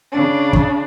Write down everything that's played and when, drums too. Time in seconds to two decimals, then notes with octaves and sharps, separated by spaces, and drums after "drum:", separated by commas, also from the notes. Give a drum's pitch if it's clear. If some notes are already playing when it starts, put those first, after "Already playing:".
0.12 C#3 D4
0.53 drum: kick